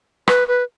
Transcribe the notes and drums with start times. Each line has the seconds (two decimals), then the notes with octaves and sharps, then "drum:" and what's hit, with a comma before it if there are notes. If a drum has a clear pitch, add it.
0.28 B4, drum: rim click
0.48 B4